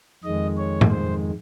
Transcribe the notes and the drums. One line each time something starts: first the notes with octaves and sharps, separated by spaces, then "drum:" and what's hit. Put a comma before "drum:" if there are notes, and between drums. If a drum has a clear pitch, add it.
F2 D#3 G#3 D#5
C#5
drum: tom G#2
C5